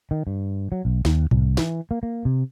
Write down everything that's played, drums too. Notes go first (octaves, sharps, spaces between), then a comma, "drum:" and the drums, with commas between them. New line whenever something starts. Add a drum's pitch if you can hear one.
D#3
G2
F#3
B1
D#2, drum: snare
C2, drum: tom G#2
E3, drum: snare
A#3
A#3
C3